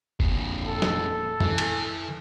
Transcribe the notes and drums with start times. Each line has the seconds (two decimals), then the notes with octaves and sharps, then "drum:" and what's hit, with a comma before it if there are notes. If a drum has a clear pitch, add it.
0.20 F2 A#2, drum: kick
0.66 A4
0.82 drum: snare
1.40 E3, drum: tom F#2
1.58 drum: cymbal